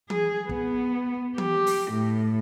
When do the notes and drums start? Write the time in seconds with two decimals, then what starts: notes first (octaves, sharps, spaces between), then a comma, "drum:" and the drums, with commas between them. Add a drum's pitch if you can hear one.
0.10 G#4, drum: tom E3
0.49 B3, drum: kick
1.38 G4, drum: tom E3
1.66 drum: open hi-hat
1.92 A2